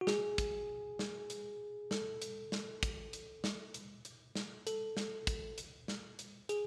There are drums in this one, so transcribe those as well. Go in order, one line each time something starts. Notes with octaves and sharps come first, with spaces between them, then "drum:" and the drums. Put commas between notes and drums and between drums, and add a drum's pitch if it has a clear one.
F#4
G#4, drum: snare
drum: kick, hi-hat
drum: snare
drum: hi-hat
A4, drum: snare
drum: hi-hat
drum: snare
drum: kick, hi-hat
drum: hi-hat
drum: snare
drum: hi-hat
drum: hi-hat
drum: snare
A4, drum: hi-hat
drum: snare
drum: kick, hi-hat
drum: hi-hat
drum: snare
drum: hi-hat
G#4, drum: hi-hat